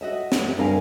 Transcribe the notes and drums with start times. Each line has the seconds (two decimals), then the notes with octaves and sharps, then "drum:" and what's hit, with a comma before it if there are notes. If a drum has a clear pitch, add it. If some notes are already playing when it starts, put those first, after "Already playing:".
0.01 F#4 D#5 E5
0.32 drum: snare
0.57 D2 G2 A#4 F5 G#5